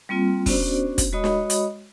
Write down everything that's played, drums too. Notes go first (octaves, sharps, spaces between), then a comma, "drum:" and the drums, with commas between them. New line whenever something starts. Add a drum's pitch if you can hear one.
G3 A#3 C4 F4
B3 C#4 D4 F#4 C5 D5, drum: kick, open hi-hat
drum: kick, hi-hat
G#3 F#4 C#5 D#5 B5 D#6
drum: snare
drum: hi-hat